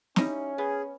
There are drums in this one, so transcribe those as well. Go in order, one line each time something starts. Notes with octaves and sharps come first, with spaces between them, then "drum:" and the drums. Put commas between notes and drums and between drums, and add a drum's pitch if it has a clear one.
G3 C#4 D#4 E4, drum: snare
B3 G#4